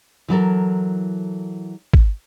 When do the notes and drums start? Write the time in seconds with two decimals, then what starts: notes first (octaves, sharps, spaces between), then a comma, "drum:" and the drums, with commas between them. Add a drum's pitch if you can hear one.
0.28 E3 F#3 A4 A#4
1.94 drum: kick